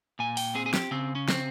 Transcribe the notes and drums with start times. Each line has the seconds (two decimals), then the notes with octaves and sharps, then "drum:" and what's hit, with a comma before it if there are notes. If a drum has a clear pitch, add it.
0.19 A#2 G#5
0.37 G5, drum: open hi-hat
0.55 C4 G#4
0.66 G#4
0.74 G4, drum: snare
0.91 C#3 C4
1.15 C#4
1.28 C4, drum: snare